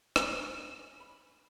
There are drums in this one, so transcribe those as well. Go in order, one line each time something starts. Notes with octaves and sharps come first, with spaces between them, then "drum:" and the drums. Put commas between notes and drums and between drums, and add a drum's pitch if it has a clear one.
E2 G#3 C#4, drum: rim click
B5